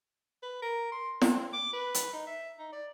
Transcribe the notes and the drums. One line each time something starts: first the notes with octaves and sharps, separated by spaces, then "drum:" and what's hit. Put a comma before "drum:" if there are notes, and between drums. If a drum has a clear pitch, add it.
B4
A#4
C6
C4, drum: snare
D6
B4
drum: hi-hat
D#4
E5
D#4
D5